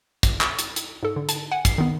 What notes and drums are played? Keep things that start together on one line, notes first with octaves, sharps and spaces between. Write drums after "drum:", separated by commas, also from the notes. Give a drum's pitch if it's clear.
drum: kick, hi-hat
drum: clap
drum: hi-hat
drum: hi-hat
G#2 A4
D3
A5, drum: hi-hat
F#5 G#5
C7, drum: kick, hi-hat
D#3 B3